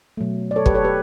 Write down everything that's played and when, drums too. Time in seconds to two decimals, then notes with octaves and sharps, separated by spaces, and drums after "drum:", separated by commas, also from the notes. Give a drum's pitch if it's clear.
0.17 B2 F#3 A3
0.51 D5
0.56 A4 C#5
0.66 G4 B4, drum: kick
0.75 A4 C#5
0.84 G4 B4